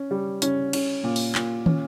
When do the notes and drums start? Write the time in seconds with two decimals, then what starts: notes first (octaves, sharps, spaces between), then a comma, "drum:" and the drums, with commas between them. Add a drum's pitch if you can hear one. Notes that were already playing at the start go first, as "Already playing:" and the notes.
Already playing: C#4
0.11 G3
0.42 C#4, drum: hi-hat
0.73 C#4, drum: cymbal
1.04 A#2
1.16 drum: open hi-hat
1.35 A#2, drum: clap
1.66 C#4, drum: tom